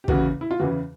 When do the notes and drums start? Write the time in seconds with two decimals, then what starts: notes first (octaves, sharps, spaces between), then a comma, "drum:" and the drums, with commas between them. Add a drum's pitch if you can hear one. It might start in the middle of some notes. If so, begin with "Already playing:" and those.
0.04 G4
0.08 E2 C#3 E3 F#4, drum: kick
0.41 E4
0.51 F4
0.59 E2 C#3 E3 F#4